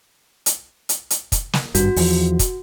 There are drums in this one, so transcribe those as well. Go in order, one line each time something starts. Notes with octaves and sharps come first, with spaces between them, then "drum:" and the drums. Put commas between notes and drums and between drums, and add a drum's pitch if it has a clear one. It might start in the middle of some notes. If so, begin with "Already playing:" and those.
drum: hi-hat
drum: hi-hat
drum: hi-hat
drum: kick, hi-hat
drum: snare
G#1 G2 F#4, drum: hi-hat
E2 F3, drum: open hi-hat
drum: kick, hi-hat